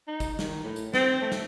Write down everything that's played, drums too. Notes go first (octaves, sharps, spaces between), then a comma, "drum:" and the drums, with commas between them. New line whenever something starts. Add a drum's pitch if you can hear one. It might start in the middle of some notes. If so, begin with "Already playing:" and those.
D#4
drum: kick, tambourine
D#3, drum: snare
A2
drum: tambourine
C4, drum: snare
A3
drum: snare